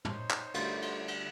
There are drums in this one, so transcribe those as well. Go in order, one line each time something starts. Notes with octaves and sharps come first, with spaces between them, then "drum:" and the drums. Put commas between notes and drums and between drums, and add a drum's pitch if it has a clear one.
D#4 C5 C#5, drum: tom
drum: clap
D2 D3 G3 F4 F#5, drum: cymbal
drum: cymbal
drum: cymbal